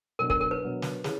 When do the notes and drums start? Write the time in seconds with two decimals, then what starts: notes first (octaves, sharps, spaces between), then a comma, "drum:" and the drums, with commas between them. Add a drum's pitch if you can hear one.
0.19 B2 F#3 B3 D4 A#4
0.30 A#4, drum: kick
0.41 A#4
0.51 B4
0.62 B2 F#3 B3 D4
0.82 drum: snare
1.04 C#3 E3, drum: snare